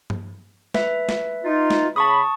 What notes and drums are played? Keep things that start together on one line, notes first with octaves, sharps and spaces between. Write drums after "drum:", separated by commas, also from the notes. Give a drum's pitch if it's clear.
drum: tom G2
B4 E5, drum: snare
drum: snare
D#4 F4
drum: snare
C#3 A5 B5 C#6 D#6